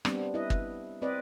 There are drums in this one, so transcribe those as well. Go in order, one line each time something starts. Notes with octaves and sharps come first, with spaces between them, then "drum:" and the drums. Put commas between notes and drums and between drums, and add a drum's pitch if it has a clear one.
G3 B3 C4 D4, drum: rim click
E4 B4 D#5
drum: kick
C4 B4 D5 D#5